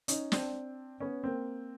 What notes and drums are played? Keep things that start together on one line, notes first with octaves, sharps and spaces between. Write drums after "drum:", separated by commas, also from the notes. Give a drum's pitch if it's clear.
C#4 D#4, drum: hi-hat
C4 D4, drum: snare
B3 C#4
A#3 C4